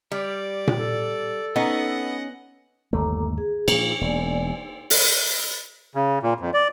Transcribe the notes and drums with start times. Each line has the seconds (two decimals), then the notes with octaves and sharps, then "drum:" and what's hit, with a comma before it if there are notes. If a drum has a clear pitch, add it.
0.12 G3 D5
0.67 drum: tom A#2
0.80 A4
1.56 B3 C#4 D#4 D#5 F#5
2.93 G1 D#2 A3 A4 A#5 D6
3.38 G#4
3.68 A#2 F3, drum: cymbal
4.01 E1 A#3 D5 G#5
4.90 drum: open hi-hat
5.95 C#3
6.23 A#2
6.40 F2
6.54 D5